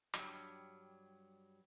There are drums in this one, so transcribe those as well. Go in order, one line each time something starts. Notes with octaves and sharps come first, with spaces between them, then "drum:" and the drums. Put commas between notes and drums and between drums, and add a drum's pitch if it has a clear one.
G2 A#2 F#3 G3, drum: hi-hat